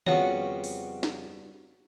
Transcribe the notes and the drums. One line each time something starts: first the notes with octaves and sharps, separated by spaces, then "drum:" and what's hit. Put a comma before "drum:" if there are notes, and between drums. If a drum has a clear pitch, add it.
F2 C#3 G3 B3 F#4 C#5, drum: tom D#3
drum: open hi-hat
drum: snare